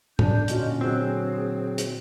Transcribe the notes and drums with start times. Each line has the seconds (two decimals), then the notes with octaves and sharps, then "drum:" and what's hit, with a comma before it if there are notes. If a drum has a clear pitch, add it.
0.19 D3 D4 G6, drum: tom A2
0.48 A#2 D3 C#4 F4 F#4 D#5, drum: hi-hat
0.81 F#3 C4 G#4
1.78 drum: hi-hat